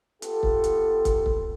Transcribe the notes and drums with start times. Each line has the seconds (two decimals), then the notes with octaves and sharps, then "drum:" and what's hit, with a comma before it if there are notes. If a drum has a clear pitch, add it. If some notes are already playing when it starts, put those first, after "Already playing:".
0.22 B3 F4 G4 A4, drum: hi-hat
0.43 drum: kick
0.64 drum: hi-hat
1.05 drum: kick, hi-hat
1.26 drum: kick